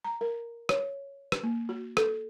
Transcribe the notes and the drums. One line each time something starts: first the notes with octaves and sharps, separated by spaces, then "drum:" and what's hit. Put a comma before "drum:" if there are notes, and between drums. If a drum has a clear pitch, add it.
A#5
A#4
C#5, drum: rim click
drum: rim click
A#3
F#4
A4, drum: rim click